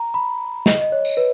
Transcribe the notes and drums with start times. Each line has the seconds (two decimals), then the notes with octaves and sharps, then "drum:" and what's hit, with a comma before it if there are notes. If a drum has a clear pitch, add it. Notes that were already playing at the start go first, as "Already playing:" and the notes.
Already playing: A#5
0.14 B5
0.66 D#5, drum: snare
0.81 D#5
0.92 C#5
1.05 drum: tambourine
1.17 B4